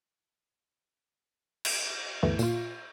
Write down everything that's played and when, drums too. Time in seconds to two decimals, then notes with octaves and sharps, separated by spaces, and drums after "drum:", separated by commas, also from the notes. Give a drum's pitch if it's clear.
1.65 drum: cymbal
2.23 D2 G2 E3 A3 B3
2.39 A#2 F4, drum: tambourine